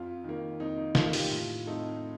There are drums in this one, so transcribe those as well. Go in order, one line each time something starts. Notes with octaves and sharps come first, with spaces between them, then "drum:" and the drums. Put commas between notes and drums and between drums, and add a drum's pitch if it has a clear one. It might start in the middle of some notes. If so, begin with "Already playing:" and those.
Already playing: F2 F4
D#3 A#3
F2 D#4
D#4
D#3 A#3 F4, drum: snare
F4
G4, drum: open hi-hat
A2 F4
A3 C4 D#4